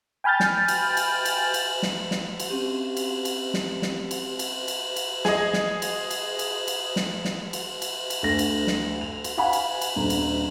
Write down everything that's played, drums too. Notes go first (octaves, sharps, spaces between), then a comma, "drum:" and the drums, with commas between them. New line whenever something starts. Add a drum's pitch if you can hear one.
G5 G#5 B5 F6 G6 A6
drum: snare
drum: cymbal
drum: cymbal
drum: cymbal
drum: cymbal
drum: snare
drum: snare
drum: cymbal
C4 C#4 G4
drum: cymbal
drum: cymbal
drum: snare
drum: snare
drum: cymbal
drum: cymbal
drum: cymbal
drum: cymbal
G#4 D#5, drum: snare
drum: snare
drum: cymbal
drum: cymbal
drum: cymbal
drum: cymbal
drum: snare
drum: snare
drum: cymbal
drum: cymbal
drum: cymbal
D2 A#6
drum: cymbal
drum: snare
F7
drum: cymbal
F5 F#5 G#5 B5
drum: cymbal
drum: cymbal
D#1 D4 A#5
drum: cymbal